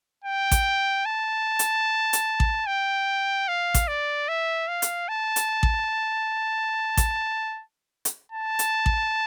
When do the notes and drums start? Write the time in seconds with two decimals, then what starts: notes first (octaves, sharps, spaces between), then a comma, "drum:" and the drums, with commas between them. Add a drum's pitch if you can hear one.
0.24 G5
0.51 drum: kick A1, hi-hat
1.06 A5
1.59 drum: hi-hat
2.13 drum: hi-hat
2.40 drum: kick A1
2.67 G5
3.48 F5
3.74 drum: kick A1, hi-hat
3.88 D5
4.28 E5
4.68 F5
4.82 drum: hi-hat
5.08 A5
5.36 drum: hi-hat
5.63 drum: kick A1
6.97 drum: kick A1, hi-hat
8.05 drum: hi-hat
8.32 A5
8.59 drum: hi-hat
8.86 drum: kick A1